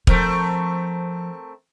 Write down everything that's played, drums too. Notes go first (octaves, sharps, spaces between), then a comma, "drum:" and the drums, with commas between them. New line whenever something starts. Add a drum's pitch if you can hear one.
F3 A3 C4 A#4, drum: kick